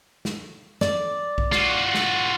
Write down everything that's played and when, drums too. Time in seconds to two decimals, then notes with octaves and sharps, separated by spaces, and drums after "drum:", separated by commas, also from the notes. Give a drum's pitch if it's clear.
0.25 drum: snare
0.81 D5, drum: snare
1.38 drum: kick B1
1.52 F4 F#4, drum: snare
1.94 drum: snare